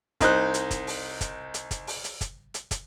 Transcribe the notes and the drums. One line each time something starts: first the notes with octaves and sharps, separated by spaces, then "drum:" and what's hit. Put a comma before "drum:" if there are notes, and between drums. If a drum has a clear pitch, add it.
C2 D#4 C5 F#6, drum: kick, hi-hat
drum: hi-hat
drum: kick, hi-hat
drum: open hi-hat
drum: kick, hi-hat
drum: hi-hat
drum: kick, hi-hat
drum: open hi-hat
drum: hi-hat
drum: kick, hi-hat
drum: hi-hat
drum: kick, hi-hat